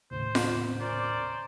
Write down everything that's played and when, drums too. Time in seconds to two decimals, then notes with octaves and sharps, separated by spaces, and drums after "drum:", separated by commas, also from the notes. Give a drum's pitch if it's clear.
0.11 D#2 A2 C#3 C5
0.35 drum: snare F4
0.80 C#4 A#4 C5 D5